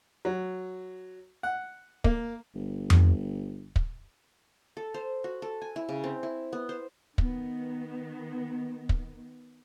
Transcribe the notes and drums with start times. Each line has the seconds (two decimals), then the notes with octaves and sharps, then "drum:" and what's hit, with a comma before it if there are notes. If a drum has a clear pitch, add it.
0.25 F#3
1.43 F#5
2.04 A#3, drum: kick
2.55 G1
2.90 drum: tom F2
3.76 drum: kick
4.77 A4
4.94 C5
5.24 F#4
5.42 A4
5.62 G#5
5.76 E4
5.89 C#3
6.04 C4
6.23 E4
6.53 B3
6.69 C5
7.18 D#3 B3, drum: kick
8.89 drum: kick